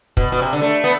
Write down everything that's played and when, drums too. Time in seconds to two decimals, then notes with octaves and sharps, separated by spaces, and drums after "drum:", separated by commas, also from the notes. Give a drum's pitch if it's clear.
0.17 B2, drum: kick
0.32 B2
0.42 C3
0.53 D3
0.62 A3
0.84 B3